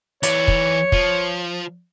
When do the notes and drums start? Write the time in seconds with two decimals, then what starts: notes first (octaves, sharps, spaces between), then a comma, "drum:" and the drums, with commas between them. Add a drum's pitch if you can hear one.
0.23 E3 C#5 D5, drum: hi-hat
0.48 drum: kick
0.92 F3, drum: kick